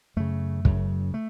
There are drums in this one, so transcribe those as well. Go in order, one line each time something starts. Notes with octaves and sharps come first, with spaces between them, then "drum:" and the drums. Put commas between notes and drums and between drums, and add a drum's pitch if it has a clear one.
F#2 C#3 A3
F#2 C#3, drum: kick
A3